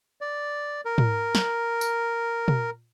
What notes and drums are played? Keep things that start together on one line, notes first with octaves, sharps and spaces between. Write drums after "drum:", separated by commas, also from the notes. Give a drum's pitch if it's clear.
D5
A#4
drum: tom
drum: snare
drum: tambourine
drum: tom